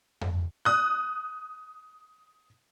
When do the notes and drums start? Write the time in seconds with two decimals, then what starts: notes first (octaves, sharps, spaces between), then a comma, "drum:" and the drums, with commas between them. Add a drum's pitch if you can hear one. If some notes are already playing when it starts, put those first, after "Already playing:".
0.21 drum: tom F2
0.65 D#6 F#6